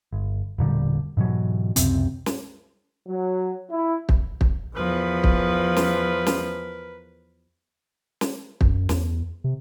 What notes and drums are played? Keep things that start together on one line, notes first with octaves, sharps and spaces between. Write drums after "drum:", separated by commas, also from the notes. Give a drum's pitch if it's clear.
G1
E1 A#2 D3 G3
G#2 B2 E3 F#3
C#2 F#2 C3 C4, drum: hi-hat
drum: snare
F#3
E4
drum: kick
drum: kick
E2 F3 A#4 B4
drum: kick
drum: snare
drum: snare
drum: snare
F#2, drum: kick
E2, drum: snare
C3